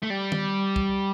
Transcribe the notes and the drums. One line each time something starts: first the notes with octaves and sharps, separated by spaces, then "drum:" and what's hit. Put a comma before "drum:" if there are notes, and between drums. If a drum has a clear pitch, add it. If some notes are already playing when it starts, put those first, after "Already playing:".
A3
G3
drum: tom D#3
drum: kick